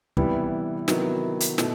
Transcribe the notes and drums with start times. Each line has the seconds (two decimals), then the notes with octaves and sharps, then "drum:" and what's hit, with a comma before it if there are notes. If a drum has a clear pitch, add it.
0.17 C3 E3 G3 B3 E4, drum: kick
0.88 C3 D#3 F#3 B3 E4, drum: snare
1.40 drum: hi-hat
1.58 B2 A3 E4, drum: snare